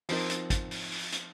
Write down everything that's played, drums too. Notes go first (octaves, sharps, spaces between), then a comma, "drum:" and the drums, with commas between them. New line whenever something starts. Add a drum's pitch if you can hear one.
F3 C4 D#4 A#4, drum: open hi-hat
drum: hi-hat
drum: kick, hi-hat
drum: open hi-hat
drum: open hi-hat
drum: hi-hat